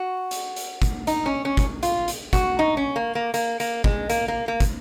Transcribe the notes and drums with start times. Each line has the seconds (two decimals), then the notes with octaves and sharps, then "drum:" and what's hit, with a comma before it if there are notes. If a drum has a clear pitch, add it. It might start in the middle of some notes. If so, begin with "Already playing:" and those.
Already playing: F#4
0.31 drum: hi-hat
0.56 drum: hi-hat
0.82 drum: kick, hi-hat
1.07 D#4, drum: hi-hat
1.26 C#4
1.45 C#4
1.57 drum: kick, hi-hat
1.83 F4, drum: hi-hat
2.08 drum: hi-hat
2.33 F#4, drum: kick, hi-hat
2.59 D#4
2.77 C#4
2.96 A#3
3.15 A#3
3.34 A#3, drum: hi-hat
3.60 A#3, drum: hi-hat
3.84 G#3, drum: kick
4.10 A#3, drum: hi-hat
4.28 A#3
4.48 A#3
4.60 drum: kick, hi-hat